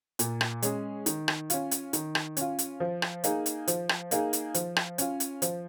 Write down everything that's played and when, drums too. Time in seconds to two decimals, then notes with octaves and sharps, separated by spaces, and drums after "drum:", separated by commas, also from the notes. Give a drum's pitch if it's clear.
0.19 A#2, drum: hi-hat
0.41 drum: rim click
0.62 G#3 C#4 G#4, drum: hi-hat
1.06 D#3, drum: hi-hat
1.28 drum: rim click
1.50 C#4 F4, drum: hi-hat
1.71 drum: hi-hat
1.93 D#3, drum: hi-hat
2.15 drum: rim click
2.37 C#4 F4, drum: hi-hat
2.59 drum: hi-hat
2.80 F3
3.02 drum: rim click
3.24 A#3 D#4 G#4, drum: hi-hat
3.46 drum: hi-hat
3.68 F3, drum: hi-hat
3.89 drum: rim click
4.11 A#3 D#4 G#4, drum: hi-hat
4.33 drum: hi-hat
4.54 F3, drum: hi-hat
4.76 drum: rim click
4.98 C#4 F4, drum: hi-hat
5.20 drum: hi-hat
5.42 F3, drum: hi-hat